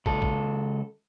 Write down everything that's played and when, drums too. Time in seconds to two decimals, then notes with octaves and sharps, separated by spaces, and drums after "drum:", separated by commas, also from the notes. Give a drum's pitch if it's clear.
0.06 C#2 A4, drum: kick
0.22 drum: kick